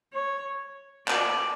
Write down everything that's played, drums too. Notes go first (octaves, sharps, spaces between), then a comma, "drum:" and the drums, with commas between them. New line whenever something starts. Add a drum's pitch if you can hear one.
C#5
D5, drum: clap